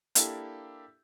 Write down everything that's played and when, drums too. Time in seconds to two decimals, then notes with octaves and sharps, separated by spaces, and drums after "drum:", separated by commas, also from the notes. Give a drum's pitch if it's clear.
0.15 A#3 D4 E4 G4 A4, drum: hi-hat